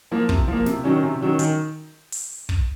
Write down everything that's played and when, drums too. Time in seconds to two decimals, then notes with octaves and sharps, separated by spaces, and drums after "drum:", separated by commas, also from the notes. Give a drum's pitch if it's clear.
0.11 F3 A#3
0.29 C3, drum: kick
0.48 F3 A#3
0.66 C3, drum: snare
0.84 D#3 F#3 C#4
1.03 C3
1.21 D#3 F#3 C#4
1.39 D#3, drum: hi-hat
2.12 drum: open hi-hat
2.49 drum: kick